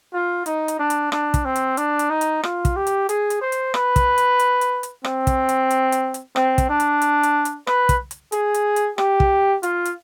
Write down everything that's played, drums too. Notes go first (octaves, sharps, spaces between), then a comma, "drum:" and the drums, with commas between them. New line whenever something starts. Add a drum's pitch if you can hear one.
F4
D#4, drum: hi-hat
drum: hi-hat
D4
drum: hi-hat
D4, drum: rim click
drum: kick, hi-hat
C4
drum: hi-hat
D4, drum: hi-hat
drum: hi-hat
D#4
drum: hi-hat
F4, drum: rim click
drum: kick, hi-hat
G4
drum: hi-hat
G#4, drum: hi-hat
drum: hi-hat
C5
drum: hi-hat
B4, drum: rim click
drum: kick, hi-hat
drum: hi-hat
drum: hi-hat
drum: hi-hat
drum: hi-hat
C4, drum: rim click
drum: kick, hi-hat
drum: hi-hat
drum: hi-hat
drum: hi-hat
drum: hi-hat
C4, drum: rim click
drum: kick, hi-hat
D4
drum: hi-hat
drum: hi-hat
drum: hi-hat
drum: hi-hat
B4, drum: rim click
drum: kick, hi-hat
drum: hi-hat
G#4, drum: hi-hat
drum: hi-hat
drum: hi-hat
G4, drum: rim click
drum: kick
F4, drum: hi-hat
drum: hi-hat